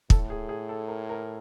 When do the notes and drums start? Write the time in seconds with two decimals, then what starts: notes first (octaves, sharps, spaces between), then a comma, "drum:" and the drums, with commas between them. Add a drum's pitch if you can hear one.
0.10 A2 A4, drum: kick
0.30 G#4
0.49 G#4
0.69 A4
0.88 A#4
1.10 A#4